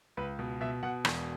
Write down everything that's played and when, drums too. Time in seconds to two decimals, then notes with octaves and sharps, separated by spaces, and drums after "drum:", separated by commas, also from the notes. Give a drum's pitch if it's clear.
0.17 C#2 B4
0.39 B2
0.61 B2 E5
0.83 B2 F#5
1.05 E1, drum: rim click